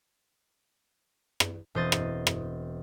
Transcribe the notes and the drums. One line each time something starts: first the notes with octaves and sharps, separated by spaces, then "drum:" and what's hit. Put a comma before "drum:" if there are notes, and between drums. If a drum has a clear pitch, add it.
drum: rim click
E1 C4 C5 D#5 A6
drum: rim click
drum: rim click